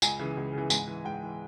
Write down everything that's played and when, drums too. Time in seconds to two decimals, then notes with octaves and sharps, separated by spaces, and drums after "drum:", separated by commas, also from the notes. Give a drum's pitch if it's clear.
0.02 C#2 G#5, drum: tambourine
0.19 C#3 E3
0.37 C#2
0.53 C#3 E3
0.70 G#2 G#5, drum: tambourine
0.87 E3
1.05 G#2 G5
1.23 E3